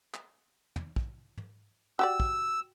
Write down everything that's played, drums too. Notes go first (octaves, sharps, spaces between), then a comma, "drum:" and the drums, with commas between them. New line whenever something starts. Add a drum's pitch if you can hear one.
drum: clap
drum: tom
drum: kick
drum: tom
F#4 G4 D5 E6
drum: kick